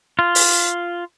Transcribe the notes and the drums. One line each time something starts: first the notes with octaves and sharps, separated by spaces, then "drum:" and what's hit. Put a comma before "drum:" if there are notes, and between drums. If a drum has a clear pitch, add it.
F4
drum: open hi-hat